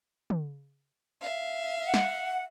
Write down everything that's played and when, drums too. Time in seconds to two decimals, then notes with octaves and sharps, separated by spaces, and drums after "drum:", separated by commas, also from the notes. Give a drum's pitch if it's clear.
0.30 drum: tom
1.21 E5 F5
1.85 F#5
1.94 drum: snare